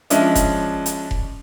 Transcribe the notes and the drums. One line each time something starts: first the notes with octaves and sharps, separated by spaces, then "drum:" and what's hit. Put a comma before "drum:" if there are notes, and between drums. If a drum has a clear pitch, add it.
F3 G#3 C#4 D4 E5, drum: hi-hat
drum: kick F1, hi-hat
drum: hi-hat
drum: kick F1